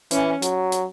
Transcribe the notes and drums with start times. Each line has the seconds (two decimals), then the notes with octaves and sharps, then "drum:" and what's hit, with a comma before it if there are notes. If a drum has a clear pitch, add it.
0.11 E3 C#4, drum: hi-hat
0.42 F#3, drum: hi-hat
0.72 drum: hi-hat